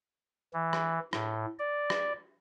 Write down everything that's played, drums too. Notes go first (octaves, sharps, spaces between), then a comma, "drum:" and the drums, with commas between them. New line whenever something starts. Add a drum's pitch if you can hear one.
E3
drum: rim click
A2, drum: rim click
D5
drum: rim click